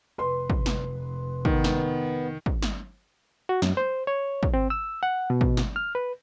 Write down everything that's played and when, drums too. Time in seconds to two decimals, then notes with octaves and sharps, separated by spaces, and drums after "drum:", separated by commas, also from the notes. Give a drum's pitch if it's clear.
0.18 F1 B4 C6
0.50 drum: kick
0.66 drum: snare
1.45 D#3 B3, drum: kick
1.64 drum: snare
2.46 drum: kick
2.63 drum: snare
3.49 F#4
3.62 F#2, drum: snare
3.77 C5
4.07 C#5
4.43 drum: kick
4.54 C4
4.70 E6
5.03 F#5
5.30 B2
5.41 drum: kick
5.57 drum: snare
5.76 F6
5.95 B4